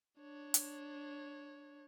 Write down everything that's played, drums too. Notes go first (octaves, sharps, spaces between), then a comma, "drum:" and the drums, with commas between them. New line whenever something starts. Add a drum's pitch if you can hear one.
D4 C#5
drum: hi-hat